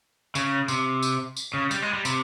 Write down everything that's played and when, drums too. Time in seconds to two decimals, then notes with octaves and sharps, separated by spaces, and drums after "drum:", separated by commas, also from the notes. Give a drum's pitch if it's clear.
0.35 C#3, drum: tambourine
0.68 C3, drum: tambourine
1.03 drum: tambourine
1.37 drum: tambourine
1.54 C#3
1.71 G3, drum: tambourine
1.82 G#3
1.93 G3
2.05 C3, drum: tambourine